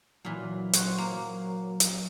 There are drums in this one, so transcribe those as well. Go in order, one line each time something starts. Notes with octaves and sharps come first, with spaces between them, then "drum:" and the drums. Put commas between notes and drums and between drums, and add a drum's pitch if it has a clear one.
A#2 E3 F#3
C5 C#5 F#5, drum: hi-hat
A#3
drum: hi-hat